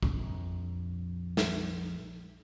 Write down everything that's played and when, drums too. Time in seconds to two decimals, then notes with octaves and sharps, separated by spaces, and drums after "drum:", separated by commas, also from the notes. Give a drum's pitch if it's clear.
0.03 A#1 F2, drum: kick
1.37 drum: snare